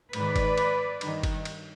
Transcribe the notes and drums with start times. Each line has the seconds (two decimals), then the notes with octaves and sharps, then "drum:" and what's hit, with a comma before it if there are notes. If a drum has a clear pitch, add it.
0.13 G#2 D#3 B4 D5, drum: cymbal
0.36 drum: kick, cymbal
0.58 drum: cymbal
1.01 G2 D#3, drum: cymbal
1.23 drum: kick, cymbal
1.45 drum: cymbal